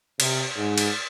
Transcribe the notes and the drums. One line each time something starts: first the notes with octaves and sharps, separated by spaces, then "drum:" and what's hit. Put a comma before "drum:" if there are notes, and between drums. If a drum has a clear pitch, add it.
C3, drum: cymbal
G#2
drum: cymbal